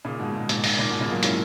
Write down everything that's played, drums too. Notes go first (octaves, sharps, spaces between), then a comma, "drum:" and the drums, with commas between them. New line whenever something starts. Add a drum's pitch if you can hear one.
A#2 C#3
G#2 B2
G#2 B2
A#2, drum: hi-hat
A#2, drum: open hi-hat
A#2
G#2 B2
A#2 C#3
F#3 A#3
C#4 E4, drum: hi-hat